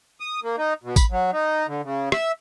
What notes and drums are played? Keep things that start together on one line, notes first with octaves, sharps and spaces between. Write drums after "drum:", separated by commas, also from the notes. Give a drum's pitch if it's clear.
D#6
A#3
D#4
B2
B5, drum: kick, tambourine
F#3
D#4
D3
C#3
E5, drum: rim click